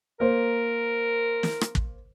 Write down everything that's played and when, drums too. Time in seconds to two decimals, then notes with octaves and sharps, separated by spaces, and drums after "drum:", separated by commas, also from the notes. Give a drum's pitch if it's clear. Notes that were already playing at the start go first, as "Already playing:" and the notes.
0.20 A#3 A#4 C5
1.43 drum: snare
1.61 drum: rim click
1.75 drum: kick